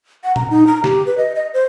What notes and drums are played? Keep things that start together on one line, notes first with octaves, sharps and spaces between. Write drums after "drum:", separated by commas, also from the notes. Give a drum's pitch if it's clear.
F#5
A#5, drum: tom A#2
D#4
A#5
G4, drum: snare
B4
D#5
D#5
C5